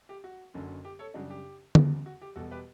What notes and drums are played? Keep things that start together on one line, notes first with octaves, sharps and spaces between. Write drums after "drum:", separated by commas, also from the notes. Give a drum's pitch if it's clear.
G4
F#4
F#1 F#2 D3 F#3 C#4
G4
A4 C#5
F#2 C#3 G3 D4 F#4
G4
E1 E2 C#3 G3, drum: tom D3
F#4
G4
E1 E2 B2 G3 F#4 A4
G4 B4